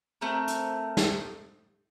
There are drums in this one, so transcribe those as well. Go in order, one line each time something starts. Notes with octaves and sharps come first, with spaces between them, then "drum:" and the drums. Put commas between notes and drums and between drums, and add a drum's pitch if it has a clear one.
A3 C4 A#4
drum: hi-hat
drum: snare